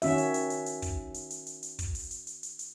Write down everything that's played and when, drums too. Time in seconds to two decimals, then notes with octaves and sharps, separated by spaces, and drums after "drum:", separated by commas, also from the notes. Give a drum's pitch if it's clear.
0.02 D#3 C#4 F#4 E5, drum: open hi-hat
0.18 drum: hi-hat
0.34 drum: hi-hat
0.50 drum: hi-hat
0.66 drum: hi-hat
0.82 drum: kick, hi-hat
1.14 drum: hi-hat
1.30 drum: hi-hat
1.47 drum: hi-hat
1.63 drum: hi-hat
1.79 drum: kick, hi-hat
1.95 drum: open hi-hat
2.11 drum: hi-hat
2.27 drum: hi-hat
2.43 drum: hi-hat
2.59 drum: hi-hat